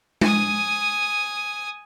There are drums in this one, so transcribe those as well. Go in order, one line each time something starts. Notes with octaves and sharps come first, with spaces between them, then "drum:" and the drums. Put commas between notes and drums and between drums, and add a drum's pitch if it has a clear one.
G#5 D#6, drum: tom G#3